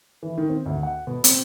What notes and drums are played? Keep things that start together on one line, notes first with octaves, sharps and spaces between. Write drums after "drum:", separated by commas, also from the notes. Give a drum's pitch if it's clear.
E3
D#3
C4
D2
F#5
B2
C4, drum: hi-hat